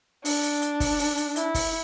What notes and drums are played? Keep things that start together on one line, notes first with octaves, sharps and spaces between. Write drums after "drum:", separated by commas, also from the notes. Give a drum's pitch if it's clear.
D4, drum: open hi-hat
drum: hi-hat
drum: hi-hat
drum: kick, open hi-hat
drum: open hi-hat
drum: hi-hat
E4, drum: hi-hat
drum: kick, open hi-hat